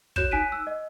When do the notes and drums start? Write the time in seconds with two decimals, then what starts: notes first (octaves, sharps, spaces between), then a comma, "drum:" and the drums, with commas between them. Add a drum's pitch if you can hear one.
0.16 F#4 C#5 F#6 G6 E7, drum: kick
0.31 D#4 G#5 F#6 B6 D7 D#7
0.52 E6
0.67 D#5